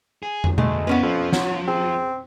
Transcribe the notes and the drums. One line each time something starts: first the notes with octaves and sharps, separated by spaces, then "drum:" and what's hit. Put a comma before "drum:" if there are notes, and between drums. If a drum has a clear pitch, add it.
G#4
drum: tom
D2 G#3 A3, drum: tom B2
A#3 B3 C#4 E4 B4
F2 F3
F#3, drum: snare
C4 G#4